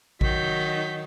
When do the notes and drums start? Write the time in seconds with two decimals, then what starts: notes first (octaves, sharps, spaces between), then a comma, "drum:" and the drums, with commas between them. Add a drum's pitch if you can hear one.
0.21 D#3 F#3 D#4 G6 B6, drum: kick A1